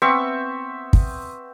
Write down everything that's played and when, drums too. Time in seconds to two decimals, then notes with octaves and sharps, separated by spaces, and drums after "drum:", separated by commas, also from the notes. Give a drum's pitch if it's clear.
0.02 B3 C4 E5 C#6
0.93 drum: kick